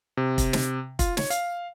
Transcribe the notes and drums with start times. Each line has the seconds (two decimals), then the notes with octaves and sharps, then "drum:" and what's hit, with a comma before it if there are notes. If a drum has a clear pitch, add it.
0.17 C3
0.38 drum: kick, hi-hat
0.53 drum: snare
0.99 F4, drum: kick, hi-hat
1.17 C#5, drum: snare
1.30 F5, drum: hi-hat